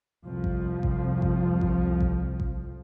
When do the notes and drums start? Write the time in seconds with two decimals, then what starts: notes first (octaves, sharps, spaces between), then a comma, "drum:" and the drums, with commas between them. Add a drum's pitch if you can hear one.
0.24 C2 F2 F3
0.44 drum: kick A1
0.83 drum: kick A1
1.22 drum: kick A1
1.61 drum: kick A1
2.00 drum: kick A1
2.40 drum: kick A1